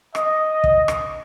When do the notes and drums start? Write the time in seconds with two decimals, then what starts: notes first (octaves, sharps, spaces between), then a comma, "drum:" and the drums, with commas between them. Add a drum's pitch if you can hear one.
0.15 D#5, drum: rim click
0.64 drum: kick
0.88 drum: rim click